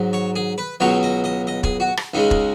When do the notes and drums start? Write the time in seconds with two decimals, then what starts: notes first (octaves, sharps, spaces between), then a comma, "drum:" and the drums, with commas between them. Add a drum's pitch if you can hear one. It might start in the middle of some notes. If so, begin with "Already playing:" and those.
Already playing: G#2 F#3
0.13 C#5
0.36 G#4
0.58 B4
0.80 C#2 B2 F#3 C#5
1.03 D#5
1.24 D#5
1.47 D#5
1.63 G#4, drum: kick E1
1.80 F#4
1.97 drum: rim click
2.14 C#2 C#3 G#3 D#4
2.31 drum: kick E1